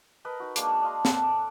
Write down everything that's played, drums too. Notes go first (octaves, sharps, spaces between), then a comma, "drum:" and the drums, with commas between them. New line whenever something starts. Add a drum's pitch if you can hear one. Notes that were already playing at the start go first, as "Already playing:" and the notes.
A#4 B4 D#5
D#4 F#4
G#3 A#3 D4, drum: hi-hat
D4 D#5 F5 C6
A4 A#4 F#5, drum: snare
D5